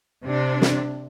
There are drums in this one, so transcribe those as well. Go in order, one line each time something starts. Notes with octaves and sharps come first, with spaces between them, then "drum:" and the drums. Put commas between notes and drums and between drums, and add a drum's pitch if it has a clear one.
C3 D4
drum: snare